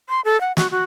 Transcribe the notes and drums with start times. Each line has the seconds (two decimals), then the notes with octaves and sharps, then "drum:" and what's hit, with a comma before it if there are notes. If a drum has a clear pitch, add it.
0.09 C6
0.25 A4
0.41 F#5
0.57 F#4, drum: snare
0.71 F#4